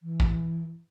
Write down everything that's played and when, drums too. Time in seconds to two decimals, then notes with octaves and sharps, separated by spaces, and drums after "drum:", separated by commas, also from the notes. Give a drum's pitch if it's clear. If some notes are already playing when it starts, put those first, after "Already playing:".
0.01 E3
0.20 drum: kick